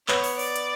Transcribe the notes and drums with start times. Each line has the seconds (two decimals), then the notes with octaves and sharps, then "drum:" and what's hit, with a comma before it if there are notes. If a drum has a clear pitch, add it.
0.08 B3 C#5, drum: clap
0.24 drum: open hi-hat
0.39 D5, drum: open hi-hat
0.56 drum: hi-hat